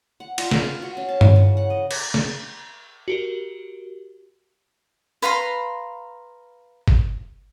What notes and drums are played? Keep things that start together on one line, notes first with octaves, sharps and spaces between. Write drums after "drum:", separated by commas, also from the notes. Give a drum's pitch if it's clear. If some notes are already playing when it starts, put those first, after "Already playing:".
F#5
F4, drum: cymbal
B4, drum: snare
B5
F#4
C#4
A5
E3, drum: tom G2
C#3
F#5
D#5
drum: cymbal
drum: snare
F#4 G4 A#4
B4 F5 A#5 C6
drum: kick G1